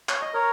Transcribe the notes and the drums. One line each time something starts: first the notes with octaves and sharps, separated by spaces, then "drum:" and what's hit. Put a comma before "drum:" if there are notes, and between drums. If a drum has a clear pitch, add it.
C#5, drum: clap
D#5
A#4 C#5